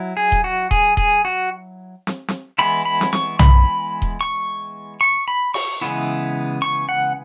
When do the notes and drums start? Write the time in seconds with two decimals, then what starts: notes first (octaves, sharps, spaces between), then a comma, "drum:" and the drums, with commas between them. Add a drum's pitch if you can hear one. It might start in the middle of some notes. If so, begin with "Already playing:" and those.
Already playing: F#3 E4
0.17 G#4
0.32 drum: kick D#1
0.44 F#4
0.71 G#4, drum: kick D#1
0.97 G#4, drum: kick D#1
1.25 F#4
2.07 drum: snare
2.28 drum: snare
2.58 E3 G#3 B3 E4 B5
2.85 B5
3.01 drum: snare
3.13 C#6, drum: snare
3.39 B5, drum: tom B1
4.02 drum: kick D#1
4.21 C#6
5.01 C#6
5.28 B5
5.54 C#6, drum: open hi-hat
5.81 C#3 E3 G#3 B3 E4
6.62 C#6
6.89 F#5